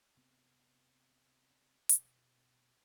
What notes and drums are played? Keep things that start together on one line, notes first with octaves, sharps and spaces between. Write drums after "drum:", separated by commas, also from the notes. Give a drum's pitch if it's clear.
C3 B3 C4
B2, drum: hi-hat